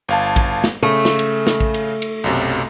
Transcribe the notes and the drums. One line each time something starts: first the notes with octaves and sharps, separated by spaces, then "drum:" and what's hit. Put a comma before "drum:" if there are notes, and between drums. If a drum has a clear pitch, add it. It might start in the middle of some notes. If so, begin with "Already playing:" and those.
G1 F5 A5
drum: kick A1, cymbal
drum: snare
C#3 A3
drum: snare
drum: cymbal
drum: snare
drum: kick A1
drum: cymbal
drum: cymbal
B1 F#2 C3